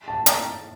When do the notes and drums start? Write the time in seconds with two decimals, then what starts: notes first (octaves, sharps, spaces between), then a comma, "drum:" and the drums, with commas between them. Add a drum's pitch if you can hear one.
0.08 A5
0.26 A#5, drum: hi-hat